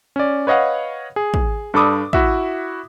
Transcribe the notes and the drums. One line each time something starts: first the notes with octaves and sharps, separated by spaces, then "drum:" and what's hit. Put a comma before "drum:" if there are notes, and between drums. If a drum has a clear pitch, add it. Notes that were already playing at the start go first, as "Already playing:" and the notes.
C#4 D5
B4 C#5 D#5 F5 F#5
G#4
drum: kick
G2 D4 A4 B5 D6 D#6
E4 F#4 E5, drum: kick